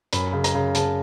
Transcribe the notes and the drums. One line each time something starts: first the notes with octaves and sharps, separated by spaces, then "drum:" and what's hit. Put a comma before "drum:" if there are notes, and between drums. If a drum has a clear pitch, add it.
F#2 B5, drum: hi-hat
B5
C#3
A#5, drum: hi-hat
C#3
C#3 A5, drum: hi-hat